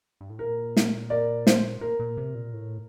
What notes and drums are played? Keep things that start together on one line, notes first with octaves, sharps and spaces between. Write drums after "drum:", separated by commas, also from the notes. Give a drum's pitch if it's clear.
G2
A2
A#2 A#4
drum: snare
A#4 D5
C5, drum: snare
A#2 A#4
A#2
C3
A#2
A2